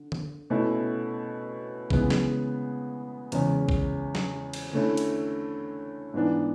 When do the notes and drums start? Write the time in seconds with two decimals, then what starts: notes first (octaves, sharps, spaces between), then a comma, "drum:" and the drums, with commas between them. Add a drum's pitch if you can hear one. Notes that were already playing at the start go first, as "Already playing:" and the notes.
Already playing: D3
0.12 drum: tom D3
0.50 B2 A3 C#4 E4
1.90 C#3 E3 G#3 B3, drum: kick
2.10 drum: snare
3.32 E2 C#3 G#3 C#4, drum: hi-hat
3.69 drum: kick
4.15 drum: snare
4.53 drum: cymbal
4.73 D3 A3 C#4 E4
4.97 drum: hi-hat
6.14 G#2 E3 B3 D4